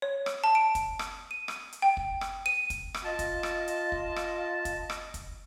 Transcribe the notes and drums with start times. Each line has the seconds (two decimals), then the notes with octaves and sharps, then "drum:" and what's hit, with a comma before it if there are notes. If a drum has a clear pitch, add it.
0.02 C#5
0.26 drum: rim click
0.44 A5
0.55 D7
0.75 drum: kick, hi-hat
0.99 drum: rim click
1.31 D#7
1.48 drum: rim click
1.73 drum: hi-hat
1.82 G5
1.97 drum: kick
2.21 drum: rim click
2.46 D#7
2.70 drum: kick, hi-hat
2.94 drum: rim click
3.04 F4 D#5 A5
3.19 drum: kick, hi-hat
3.43 drum: rim click
3.68 drum: hi-hat
3.92 drum: kick
4.16 drum: rim click
4.65 drum: kick, hi-hat
4.90 drum: rim click
5.14 drum: kick, hi-hat